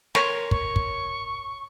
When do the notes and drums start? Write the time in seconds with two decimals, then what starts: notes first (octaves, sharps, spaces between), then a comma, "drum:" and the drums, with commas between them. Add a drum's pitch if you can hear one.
0.15 A#4 C#5 C6, drum: snare
0.51 C#6, drum: kick
0.76 drum: kick